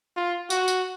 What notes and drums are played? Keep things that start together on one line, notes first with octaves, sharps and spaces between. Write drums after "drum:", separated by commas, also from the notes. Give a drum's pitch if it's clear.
F4
F#4, drum: tambourine
drum: tambourine